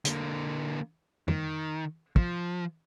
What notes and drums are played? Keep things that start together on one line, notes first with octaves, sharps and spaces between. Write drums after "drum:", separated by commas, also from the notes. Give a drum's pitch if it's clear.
D3 A#3, drum: hi-hat
D#3, drum: tom
F3, drum: kick